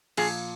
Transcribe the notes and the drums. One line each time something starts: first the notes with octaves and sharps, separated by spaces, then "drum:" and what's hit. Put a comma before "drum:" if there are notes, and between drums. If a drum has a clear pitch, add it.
A#2 F3 G#4, drum: cymbal